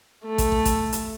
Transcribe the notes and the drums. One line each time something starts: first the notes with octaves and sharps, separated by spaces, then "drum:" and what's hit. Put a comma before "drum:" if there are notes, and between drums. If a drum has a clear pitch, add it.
A3
drum: kick, hi-hat
drum: kick
drum: kick, hi-hat
drum: hi-hat